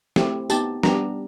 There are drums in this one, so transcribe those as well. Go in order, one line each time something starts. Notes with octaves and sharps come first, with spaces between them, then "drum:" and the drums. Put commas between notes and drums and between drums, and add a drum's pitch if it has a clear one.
A3 C4 E4 G4, drum: snare
B3 D#4 G4 A5, drum: tambourine
G3 B3 D4 G4 A#5, drum: snare